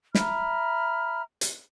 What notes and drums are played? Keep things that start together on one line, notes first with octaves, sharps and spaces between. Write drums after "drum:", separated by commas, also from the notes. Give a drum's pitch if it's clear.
E5 A#5 B5 F6, drum: snare
drum: hi-hat